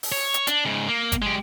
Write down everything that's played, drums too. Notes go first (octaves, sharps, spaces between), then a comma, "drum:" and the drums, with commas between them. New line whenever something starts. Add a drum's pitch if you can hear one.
drum: open hi-hat
C#5
drum: hi-hat
D4, drum: hi-hat
G#2 C#3
A#3
drum: kick G1, hi-hat
G#3 G4